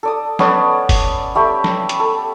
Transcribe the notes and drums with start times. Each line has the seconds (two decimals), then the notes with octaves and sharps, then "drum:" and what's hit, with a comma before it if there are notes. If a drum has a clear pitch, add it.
0.03 A4 D5 D#6
0.39 B3 C#4 A4 D5, drum: snare
0.89 drum: kick, open hi-hat
1.35 G3 A3 G4 E5
1.64 drum: snare
1.89 drum: hi-hat
2.00 A4